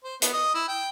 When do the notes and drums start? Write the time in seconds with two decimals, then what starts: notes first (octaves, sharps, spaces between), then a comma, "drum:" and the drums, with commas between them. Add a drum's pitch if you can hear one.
0.04 C5
0.22 B3, drum: hi-hat
0.33 D#5
0.55 E4
0.68 G5